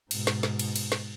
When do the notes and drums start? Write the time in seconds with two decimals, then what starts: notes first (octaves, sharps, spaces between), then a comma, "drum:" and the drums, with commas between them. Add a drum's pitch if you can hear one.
0.11 G#2 B2, drum: cymbal
0.27 drum: snare
0.43 drum: snare
0.59 drum: cymbal
0.76 drum: cymbal
0.92 drum: snare